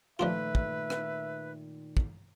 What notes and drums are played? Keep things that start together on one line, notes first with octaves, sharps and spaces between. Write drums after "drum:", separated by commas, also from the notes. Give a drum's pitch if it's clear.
A#2 D#3 F3 A3 D4 F4 B4 E5
drum: kick
drum: rim click
drum: kick